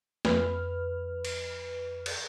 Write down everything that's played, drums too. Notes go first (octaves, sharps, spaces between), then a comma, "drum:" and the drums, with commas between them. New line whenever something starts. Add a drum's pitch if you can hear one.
F2 B4 F6, drum: snare
drum: cymbal
drum: cymbal